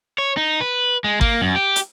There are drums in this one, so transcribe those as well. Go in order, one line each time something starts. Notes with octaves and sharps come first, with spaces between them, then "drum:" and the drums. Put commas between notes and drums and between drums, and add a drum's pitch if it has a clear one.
C#5
D#4
B4
G#3
A#3, drum: kick G#1
F#2
G4
drum: hi-hat